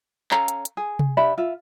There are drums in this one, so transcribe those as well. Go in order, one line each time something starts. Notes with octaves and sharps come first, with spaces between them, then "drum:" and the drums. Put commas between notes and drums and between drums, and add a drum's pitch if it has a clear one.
C#4 A4 F5 A#5, drum: clap
drum: hi-hat
drum: hi-hat
G#4
drum: tom C3
D4 G4 E5 B5
F4 E5